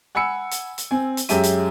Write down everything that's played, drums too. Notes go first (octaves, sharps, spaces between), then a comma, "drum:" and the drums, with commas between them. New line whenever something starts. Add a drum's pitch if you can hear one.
F#5 G#5 B5 E6 C#7
drum: hi-hat
drum: hi-hat
C4 G#5
drum: hi-hat
F#2 G#3 G4 E5 D#7, drum: hi-hat
drum: hi-hat